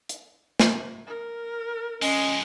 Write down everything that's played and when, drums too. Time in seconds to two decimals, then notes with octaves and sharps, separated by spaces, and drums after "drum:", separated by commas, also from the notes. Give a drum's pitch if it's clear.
0.09 drum: hi-hat
0.60 drum: snare
1.07 A#4
2.02 F2 G#3 C#4 D#5, drum: open hi-hat